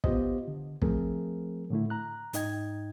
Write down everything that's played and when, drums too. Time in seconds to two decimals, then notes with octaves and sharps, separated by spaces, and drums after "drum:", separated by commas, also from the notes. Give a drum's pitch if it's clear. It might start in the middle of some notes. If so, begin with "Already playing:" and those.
0.04 B3 F4 G4 C5 D#5, drum: kick
0.48 D3
0.82 F3 A3 C4 G#4 A#4, drum: kick
1.70 A2 D3 A3 E4
1.90 A#5 F#6
2.33 G#2 D#4 D#5 G5 G#6, drum: hi-hat